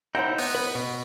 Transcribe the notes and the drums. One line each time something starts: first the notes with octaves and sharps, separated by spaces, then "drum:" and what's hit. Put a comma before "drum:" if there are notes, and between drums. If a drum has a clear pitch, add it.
D#4 E4 C5 F#5 G5
B3, drum: open hi-hat
B4
B2